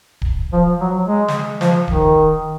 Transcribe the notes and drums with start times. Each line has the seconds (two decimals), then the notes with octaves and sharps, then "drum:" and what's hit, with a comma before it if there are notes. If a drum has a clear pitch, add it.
0.22 drum: kick D1
0.53 F3
0.81 F#3
1.08 G#3
1.28 drum: snare
1.61 F3, drum: snare
1.88 D#3, drum: kick D1